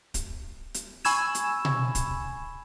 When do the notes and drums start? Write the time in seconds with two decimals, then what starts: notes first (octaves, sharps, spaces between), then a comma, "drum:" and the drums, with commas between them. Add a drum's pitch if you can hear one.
0.14 drum: kick, hi-hat
0.74 drum: hi-hat
1.05 G#5 B5 C#6 E6 G#6 E7, drum: open hi-hat
1.35 drum: hi-hat
1.65 drum: tom B2
1.95 drum: kick, hi-hat